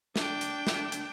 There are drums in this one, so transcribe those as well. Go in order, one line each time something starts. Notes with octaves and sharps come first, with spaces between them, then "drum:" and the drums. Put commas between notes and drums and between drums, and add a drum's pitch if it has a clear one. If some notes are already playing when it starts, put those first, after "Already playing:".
D4 G5, drum: snare
drum: hi-hat
drum: snare
drum: hi-hat